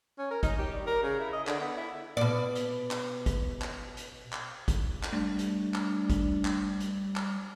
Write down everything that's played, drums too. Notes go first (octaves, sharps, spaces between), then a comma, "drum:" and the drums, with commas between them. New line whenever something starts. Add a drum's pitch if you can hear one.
C#4
A#4
D#4, drum: kick, hi-hat
G4
G3
A#4
C#3
E4
D#5
D3, drum: clap
B3
E4
B2 D5
drum: hi-hat
drum: clap
drum: kick, hi-hat
drum: clap
drum: hi-hat
drum: clap
drum: kick, hi-hat
drum: clap
G3 A3 D4
drum: hi-hat
drum: clap
drum: kick, hi-hat
drum: clap
drum: hi-hat
drum: clap